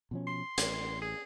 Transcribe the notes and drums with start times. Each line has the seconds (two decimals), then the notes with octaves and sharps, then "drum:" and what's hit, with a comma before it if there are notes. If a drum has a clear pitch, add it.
0.11 B2 F3 C#4
0.27 C6
0.58 A1, drum: hi-hat
1.02 G#4